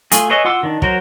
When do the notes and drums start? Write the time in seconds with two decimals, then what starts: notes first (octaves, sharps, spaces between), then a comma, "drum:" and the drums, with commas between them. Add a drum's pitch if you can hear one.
0.12 A3 F4 G#4, drum: hi-hat
0.30 G#4 B4 C#5 D#5 E5
0.45 F4 F#5 C6 D6 E6
0.63 D#3 D4
0.82 F#3 A#4 C5, drum: kick